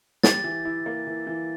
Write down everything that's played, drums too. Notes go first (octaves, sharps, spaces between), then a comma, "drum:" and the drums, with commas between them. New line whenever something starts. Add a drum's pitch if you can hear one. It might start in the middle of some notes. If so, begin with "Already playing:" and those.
G4 A6, drum: snare
E3
E4
A#3
E3
E3